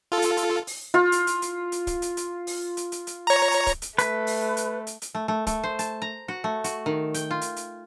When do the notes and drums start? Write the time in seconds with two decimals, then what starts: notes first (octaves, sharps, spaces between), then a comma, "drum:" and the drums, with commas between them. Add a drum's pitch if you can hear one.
0.12 F4 A4
0.22 drum: hi-hat
0.37 drum: hi-hat
0.67 drum: open hi-hat
0.94 F4
1.12 drum: hi-hat
1.27 drum: hi-hat
1.42 drum: hi-hat
1.72 drum: hi-hat
1.87 drum: kick, hi-hat
2.02 drum: hi-hat
2.17 drum: hi-hat
2.47 drum: open hi-hat
2.77 drum: hi-hat
2.92 drum: hi-hat
3.07 drum: hi-hat
3.27 C#5 A#5
3.52 drum: hi-hat
3.67 drum: kick, hi-hat
3.82 drum: hi-hat
3.98 A3 B4, drum: hi-hat
4.27 drum: open hi-hat
4.57 drum: hi-hat
4.87 drum: hi-hat
5.02 drum: hi-hat
5.15 A3
5.28 A3
5.47 A3, drum: kick, hi-hat
5.63 C5
5.79 A5, drum: hi-hat
6.02 A#5
6.28 F#4
6.44 A3
6.64 F#4, drum: hi-hat
6.86 D#3
7.14 G5, drum: hi-hat
7.31 F4
7.41 drum: hi-hat
7.56 drum: hi-hat